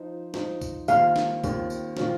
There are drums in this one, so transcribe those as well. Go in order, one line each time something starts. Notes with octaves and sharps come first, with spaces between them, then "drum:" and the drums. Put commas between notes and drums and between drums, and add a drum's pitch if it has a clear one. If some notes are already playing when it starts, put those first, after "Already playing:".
Already playing: F3 D#4 C5
F3 D#4 C5, drum: snare
drum: kick B1, tambourine
D#2 D#3 C4 F4 F5, drum: tambourine
drum: snare
D#2 D#3 C4 F4, drum: kick B1, tambourine
drum: tambourine
D#3 C4 F4, drum: snare